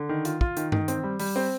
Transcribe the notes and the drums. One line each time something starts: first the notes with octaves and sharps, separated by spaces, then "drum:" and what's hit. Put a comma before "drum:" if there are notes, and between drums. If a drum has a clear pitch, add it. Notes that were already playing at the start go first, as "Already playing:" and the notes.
Already playing: D3
D#3
F4, drum: hi-hat
F4, drum: kick
D#3, drum: hi-hat
D#3, drum: tom G2
C4, drum: hi-hat
G3
G3, drum: open hi-hat
C4